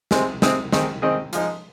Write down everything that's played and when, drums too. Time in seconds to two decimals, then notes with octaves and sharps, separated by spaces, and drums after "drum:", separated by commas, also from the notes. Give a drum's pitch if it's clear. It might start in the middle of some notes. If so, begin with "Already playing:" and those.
0.11 C3 G#3 C4 G#4, drum: snare
0.42 C3 G#3 C4 G#4, drum: snare
0.72 D#3 C4 G#4 D#5, drum: snare
1.02 D#3 C4 G#4 D#5
1.33 F3 G#3 D#4, drum: hi-hat